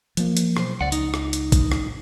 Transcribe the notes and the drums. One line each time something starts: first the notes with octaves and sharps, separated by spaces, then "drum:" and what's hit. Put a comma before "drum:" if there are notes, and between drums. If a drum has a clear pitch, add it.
F3 A#3, drum: hi-hat
drum: hi-hat
B1 C5, drum: rim click
C#2 D5 F#5
D#4, drum: hi-hat
drum: rim click
drum: hi-hat
drum: kick, hi-hat
drum: rim click